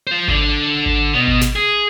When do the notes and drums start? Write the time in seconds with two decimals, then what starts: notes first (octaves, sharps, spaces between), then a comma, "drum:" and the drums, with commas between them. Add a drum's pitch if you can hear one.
0.07 F4 C5
0.28 D3 D4, drum: kick G#1
0.86 drum: kick G#1
1.14 B2
1.27 drum: kick G#1
1.41 drum: snare
1.56 G#4